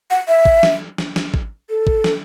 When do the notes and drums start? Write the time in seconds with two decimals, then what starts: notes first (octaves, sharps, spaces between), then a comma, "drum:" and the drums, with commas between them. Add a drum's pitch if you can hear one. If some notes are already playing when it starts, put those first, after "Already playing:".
0.10 F#5
0.28 E5
0.45 drum: kick G#1
0.63 drum: snare
0.98 drum: snare
1.16 drum: snare
1.34 drum: kick G#1
1.70 A4
1.87 drum: kick G#1
2.04 drum: snare